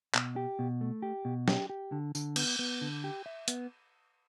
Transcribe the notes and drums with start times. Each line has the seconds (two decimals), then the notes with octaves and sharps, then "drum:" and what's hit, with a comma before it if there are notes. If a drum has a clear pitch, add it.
0.15 B2, drum: clap
0.36 G4
0.59 B2
0.81 A3
1.02 G4
1.25 B2
1.48 G4, drum: snare
1.69 G4
1.92 D3
2.15 D3, drum: tambourine
2.36 B3, drum: cymbal
2.59 B3
2.81 D3
3.04 G4
3.26 E5
3.48 B3, drum: hi-hat